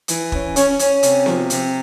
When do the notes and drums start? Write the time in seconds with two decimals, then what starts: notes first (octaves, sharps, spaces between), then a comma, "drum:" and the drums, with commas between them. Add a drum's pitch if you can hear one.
0.08 E3, drum: hi-hat
0.32 C#4, drum: kick
0.56 C#4, drum: hi-hat
0.79 C#4, drum: hi-hat
1.03 C3, drum: hi-hat
1.26 F3, drum: snare B3
1.50 C3, drum: hi-hat